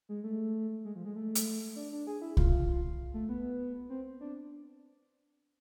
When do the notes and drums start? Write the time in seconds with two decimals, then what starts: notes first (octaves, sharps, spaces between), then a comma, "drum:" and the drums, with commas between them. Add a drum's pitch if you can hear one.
0.09 G#3
0.24 A3
0.85 G#3
0.96 F3
1.05 G#3
1.16 A3
1.35 drum: hi-hat
1.76 D4
1.92 D4
2.07 G#4
2.22 E4
2.37 F4, drum: kick C2
3.14 A3
3.29 B3
3.90 C4
4.21 D4